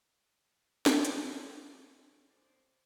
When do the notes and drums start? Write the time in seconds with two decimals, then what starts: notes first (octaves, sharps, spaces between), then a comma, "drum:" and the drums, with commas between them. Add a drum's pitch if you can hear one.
0.86 drum: snare
1.05 drum: hi-hat
1.72 C#4
2.28 A2 G#3 C5 D5